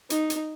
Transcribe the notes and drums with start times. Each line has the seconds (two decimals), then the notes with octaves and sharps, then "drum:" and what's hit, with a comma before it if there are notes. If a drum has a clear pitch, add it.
0.10 D#4, drum: hi-hat
0.30 drum: hi-hat